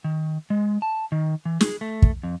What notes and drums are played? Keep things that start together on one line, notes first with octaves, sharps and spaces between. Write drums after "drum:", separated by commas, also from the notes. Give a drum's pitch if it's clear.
D#3
G#3
A5
D#3
E3
G#4, drum: snare
A3
drum: kick
F2